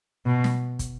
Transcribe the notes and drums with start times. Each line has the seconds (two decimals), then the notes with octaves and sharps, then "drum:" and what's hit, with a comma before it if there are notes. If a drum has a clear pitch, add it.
0.26 B2
0.44 drum: snare
0.79 drum: kick, hi-hat